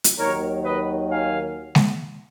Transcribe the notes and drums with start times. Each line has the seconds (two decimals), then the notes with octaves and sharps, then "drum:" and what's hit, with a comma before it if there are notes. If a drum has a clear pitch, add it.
0.04 drum: hi-hat
0.17 D#2 D#3 F#3 A#4 C#5
0.63 B4 D#5
1.09 F5 G#5
1.75 drum: snare G#3